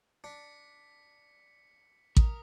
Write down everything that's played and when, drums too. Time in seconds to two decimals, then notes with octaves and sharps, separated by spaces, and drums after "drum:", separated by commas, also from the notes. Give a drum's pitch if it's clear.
0.24 D4 B6 C#7
2.17 A#4 D#6, drum: kick A1